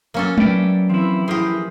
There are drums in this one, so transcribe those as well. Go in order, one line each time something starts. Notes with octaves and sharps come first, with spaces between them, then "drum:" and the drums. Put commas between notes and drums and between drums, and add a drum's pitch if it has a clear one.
F#3 A#3 C#4 A4
B4 D5 E5 G5, drum: tom G#3
E3 F3 C4 E4
E3 E4 G4 G#4 A#4 C5